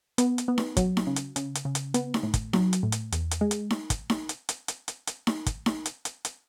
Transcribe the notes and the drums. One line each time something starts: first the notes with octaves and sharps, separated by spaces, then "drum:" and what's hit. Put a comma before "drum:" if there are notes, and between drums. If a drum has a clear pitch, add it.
B3, drum: hi-hat
drum: hi-hat
B3
drum: snare D#4
F#3, drum: kick, hi-hat
drum: snare D#4
C#3
drum: hi-hat
C#3, drum: hi-hat
drum: hi-hat
C#3
drum: hi-hat
B3, drum: hi-hat
drum: snare D#4
A2
drum: kick, hi-hat
F#3, drum: snare D#4
drum: hi-hat
A2
drum: hi-hat
E2, drum: hi-hat
drum: hi-hat
G#3
drum: hi-hat
drum: snare D#4
drum: kick, hi-hat
drum: snare D#4
drum: hi-hat
drum: hi-hat
drum: hi-hat
drum: hi-hat
drum: hi-hat
drum: snare D#4
drum: kick, hi-hat
drum: snare D#4
drum: hi-hat
drum: hi-hat
drum: hi-hat